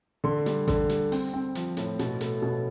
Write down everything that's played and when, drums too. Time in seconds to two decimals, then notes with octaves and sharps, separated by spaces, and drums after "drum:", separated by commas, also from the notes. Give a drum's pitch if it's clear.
0.24 D3 C6
0.46 G3, drum: hi-hat
0.68 D3, drum: kick A1, hi-hat
0.90 G3, drum: hi-hat
1.12 C4, drum: open hi-hat
1.33 C4
1.55 F3, drum: hi-hat
1.77 A2, drum: hi-hat
1.99 B2, drum: hi-hat
2.21 A3, drum: hi-hat
2.42 B2